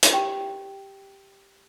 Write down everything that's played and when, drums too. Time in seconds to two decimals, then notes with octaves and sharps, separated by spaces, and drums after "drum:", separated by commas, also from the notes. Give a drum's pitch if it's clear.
0.03 drum: hi-hat
0.13 G4 G5